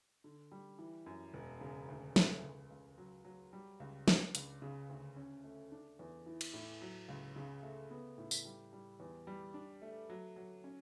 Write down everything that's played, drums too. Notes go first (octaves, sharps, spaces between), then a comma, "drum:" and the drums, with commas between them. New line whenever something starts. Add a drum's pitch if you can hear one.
D3
G3
E3
F#2
E1
C#3
D2
A3, drum: snare
C#2
C#2
F#3
F#3
G3
C#2
D4, drum: snare
C#2, drum: hi-hat
C#3
D2
C#4
A3
D4
E2
E3
drum: cymbal
A2
F#3
C#2
C#3
A3
B3
A2
drum: tambourine
G3
G3
E2
G3
D4
A3
F#3
F#3
C#4